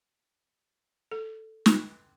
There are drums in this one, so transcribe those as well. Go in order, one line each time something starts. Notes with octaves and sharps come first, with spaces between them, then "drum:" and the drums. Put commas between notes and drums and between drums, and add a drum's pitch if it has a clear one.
A4
drum: snare